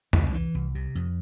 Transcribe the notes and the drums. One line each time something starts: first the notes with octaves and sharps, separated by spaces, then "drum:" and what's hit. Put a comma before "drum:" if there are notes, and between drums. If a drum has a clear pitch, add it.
C2, drum: tom
E3
C2
C3
F2